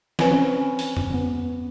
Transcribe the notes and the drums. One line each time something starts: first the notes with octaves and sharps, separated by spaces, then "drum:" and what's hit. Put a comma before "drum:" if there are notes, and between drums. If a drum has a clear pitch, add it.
C4 C#4 B4 G#5, drum: snare
drum: open hi-hat
drum: tom F2
B3